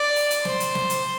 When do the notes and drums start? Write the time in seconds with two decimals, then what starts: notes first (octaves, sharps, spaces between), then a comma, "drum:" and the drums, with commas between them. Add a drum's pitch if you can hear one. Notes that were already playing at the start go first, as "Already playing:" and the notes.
Already playing: D5
0.16 drum: open hi-hat
0.31 drum: hi-hat
0.45 C5, drum: snare
0.60 drum: hi-hat
0.75 drum: snare
0.90 drum: hi-hat